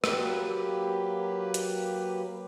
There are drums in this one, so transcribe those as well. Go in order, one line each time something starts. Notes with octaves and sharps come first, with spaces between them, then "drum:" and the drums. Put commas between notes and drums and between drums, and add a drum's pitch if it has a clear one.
F#3 A#3 G4 B4, drum: rim click
drum: hi-hat